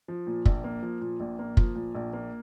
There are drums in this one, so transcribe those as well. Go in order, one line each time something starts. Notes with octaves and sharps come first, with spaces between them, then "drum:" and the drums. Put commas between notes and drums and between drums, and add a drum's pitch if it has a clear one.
F3
A#2
A#1, drum: kick
A#3
F3
A#2
A#1
A#3
F3, drum: kick
A#2
A#1
A#3